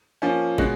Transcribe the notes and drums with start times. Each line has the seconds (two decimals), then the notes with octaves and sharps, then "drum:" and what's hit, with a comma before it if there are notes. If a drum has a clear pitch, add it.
0.22 F3 A#3 C#4
0.58 B2 G#3 C#4 F#4, drum: kick